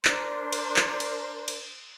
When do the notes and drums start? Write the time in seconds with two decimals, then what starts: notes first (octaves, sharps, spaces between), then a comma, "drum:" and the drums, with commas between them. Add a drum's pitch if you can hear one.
0.05 D4 A#4 C5 C6, drum: clap
0.52 drum: cymbal
0.76 drum: clap
1.00 drum: cymbal
1.48 drum: cymbal